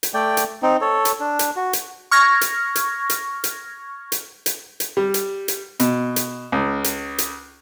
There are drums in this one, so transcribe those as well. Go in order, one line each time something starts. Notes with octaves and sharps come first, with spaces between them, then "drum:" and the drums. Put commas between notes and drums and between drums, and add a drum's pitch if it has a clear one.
drum: hi-hat
A3 D5 G5
drum: hi-hat
C4 D#4
A4 C#5
drum: hi-hat
D4
drum: hi-hat
F#4
drum: hi-hat
C#6 F6 G#6 A#6
drum: hi-hat
drum: hi-hat
drum: hi-hat
drum: hi-hat
drum: hi-hat
drum: hi-hat
drum: hi-hat
G3
drum: hi-hat
drum: hi-hat
B2, drum: hi-hat
drum: hi-hat
C#2
drum: hi-hat
drum: hi-hat